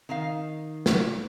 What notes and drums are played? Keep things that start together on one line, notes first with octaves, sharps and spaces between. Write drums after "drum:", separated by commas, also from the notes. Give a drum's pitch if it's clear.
D#3 D#4 F5
drum: snare